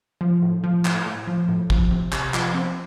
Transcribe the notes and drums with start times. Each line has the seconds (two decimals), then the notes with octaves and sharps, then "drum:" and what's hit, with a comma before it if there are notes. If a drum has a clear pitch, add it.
0.21 F3
0.42 A2
0.64 F3
0.85 A2, drum: clap
1.06 A2
1.28 F3
1.48 A2
1.70 F3, drum: kick
1.91 C3
2.12 C3, drum: clap
2.34 F3, drum: clap
2.55 C4